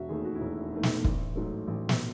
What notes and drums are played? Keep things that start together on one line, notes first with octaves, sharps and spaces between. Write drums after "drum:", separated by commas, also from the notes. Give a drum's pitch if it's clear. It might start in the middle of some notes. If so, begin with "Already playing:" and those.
Already playing: E1 F#4 E5
D#2 D#3 A3 G#4
F#4
E4
E1
E4
D#2 D#3 A3
drum: snare
A1, drum: kick
G#2 F#3 A3
A1
drum: snare